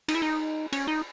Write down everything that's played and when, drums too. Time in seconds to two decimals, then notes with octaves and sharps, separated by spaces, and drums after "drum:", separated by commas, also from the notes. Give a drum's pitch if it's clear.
0.08 D#4, drum: cymbal
0.15 E4
0.22 D#4
0.72 C#4, drum: cymbal
0.88 D#4